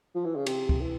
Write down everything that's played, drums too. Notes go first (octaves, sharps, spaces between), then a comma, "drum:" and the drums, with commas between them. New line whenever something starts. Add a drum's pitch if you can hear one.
F3
E3
C#3
C3, drum: cymbal
drum: kick
E3